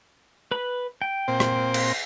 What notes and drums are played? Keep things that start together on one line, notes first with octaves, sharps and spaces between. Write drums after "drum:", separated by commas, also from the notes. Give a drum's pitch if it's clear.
B4 B5
G5
A#2 C4 C5
drum: rim click
drum: cymbal